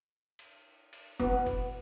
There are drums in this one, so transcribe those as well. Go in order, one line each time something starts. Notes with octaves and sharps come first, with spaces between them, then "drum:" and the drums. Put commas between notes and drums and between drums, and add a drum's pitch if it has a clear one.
drum: cymbal
drum: cymbal
B3, drum: kick F1, cymbal
drum: kick F1, cymbal